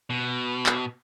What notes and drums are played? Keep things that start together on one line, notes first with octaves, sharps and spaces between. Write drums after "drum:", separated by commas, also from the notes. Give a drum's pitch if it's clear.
B2
drum: clap